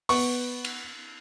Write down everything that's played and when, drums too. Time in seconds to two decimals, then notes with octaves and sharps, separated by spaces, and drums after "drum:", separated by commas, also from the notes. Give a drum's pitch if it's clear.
0.09 B3 C#6, drum: open hi-hat
0.65 drum: cymbal